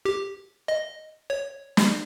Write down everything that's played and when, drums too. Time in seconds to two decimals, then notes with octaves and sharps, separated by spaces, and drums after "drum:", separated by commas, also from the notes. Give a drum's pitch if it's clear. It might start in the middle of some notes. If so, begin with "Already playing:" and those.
0.05 G4
0.68 D#5
1.30 C#5
1.77 drum: snare